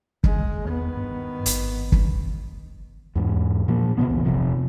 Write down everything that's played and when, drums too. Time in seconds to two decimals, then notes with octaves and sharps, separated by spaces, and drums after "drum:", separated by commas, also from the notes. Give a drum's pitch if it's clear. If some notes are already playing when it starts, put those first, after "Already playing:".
0.24 G#3, drum: kick
0.65 E2 D#3 B3
0.97 G2
1.46 G#1, drum: hi-hat
1.92 drum: kick
3.15 E2 G#2
3.68 A#2 F3 A#3
3.98 C3 E3 B3
4.09 A#1 E2
4.25 F1 C3 F3